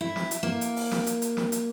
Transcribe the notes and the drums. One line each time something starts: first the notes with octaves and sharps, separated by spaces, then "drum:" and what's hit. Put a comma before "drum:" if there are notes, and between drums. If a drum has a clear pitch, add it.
E4
drum: snare
drum: hi-hat
A#3
drum: hi-hat
drum: open hi-hat
drum: snare
drum: hi-hat
drum: hi-hat
drum: snare
drum: hi-hat